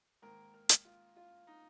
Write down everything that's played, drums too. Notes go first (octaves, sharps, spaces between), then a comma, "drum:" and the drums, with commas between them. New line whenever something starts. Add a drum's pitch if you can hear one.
G#2 D#3 A#3 A#4
A#4
drum: hi-hat
F4
F4
D#4